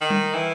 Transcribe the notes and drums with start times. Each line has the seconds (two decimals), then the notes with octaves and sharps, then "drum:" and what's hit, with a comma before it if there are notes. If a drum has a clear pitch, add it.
0.01 D#3
0.10 drum: tom G3
0.34 E3